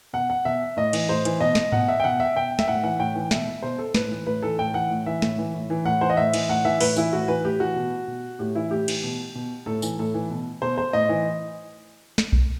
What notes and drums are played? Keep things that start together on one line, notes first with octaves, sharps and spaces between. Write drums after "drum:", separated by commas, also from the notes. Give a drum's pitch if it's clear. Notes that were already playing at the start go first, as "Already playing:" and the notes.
B2 F#5
F#5
B2 E5
A2 D#5
E3, drum: cymbal
A2 C5
E3, drum: hi-hat
B2 D#5
drum: snare
B2 F#5, drum: tom G#2
E5
G5
B2 F#5
E5
B2 G5
E5, drum: snare
A2 F#5
E3 F#5
A2 G5
E3
B2 E5, drum: snare
B2 C5
A4
A2 B4, drum: snare
E3
A2 B4
E3 A4
A2 G5
E3 F#5
A2
E3 E5
A2, drum: snare
E3
A2
E3
A2 F#5
E3 C5
D#5
A2 E5
E3, drum: cymbal
A2 F#5
E3 E5
A2 B4, drum: open hi-hat
E3 E4, drum: tambourine
A2 F#4
E3 B4
A2 G4
E3 F#4
B2
B2
A2 G4
E3 E4
A2 G4
E3, drum: cymbal
B2
B2
A2 A4
E3, drum: tambourine
A2 A4
E3
B2
B2 C5
C5
A2 D#5
E3
drum: snare
drum: kick B1